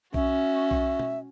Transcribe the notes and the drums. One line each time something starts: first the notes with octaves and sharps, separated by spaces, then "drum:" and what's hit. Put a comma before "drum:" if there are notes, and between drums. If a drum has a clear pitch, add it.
C#4 F#4 E5, drum: kick B1
drum: kick B1
drum: tom B2